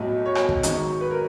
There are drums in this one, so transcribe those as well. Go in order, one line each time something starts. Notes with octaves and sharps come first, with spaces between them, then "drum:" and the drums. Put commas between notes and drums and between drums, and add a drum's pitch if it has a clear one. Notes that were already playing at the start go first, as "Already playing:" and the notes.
Already playing: B1 A2 F#3 A3 D#5
C#5
drum: rim click
drum: kick
G#2 D#3 F#3, drum: hi-hat
B4
A#4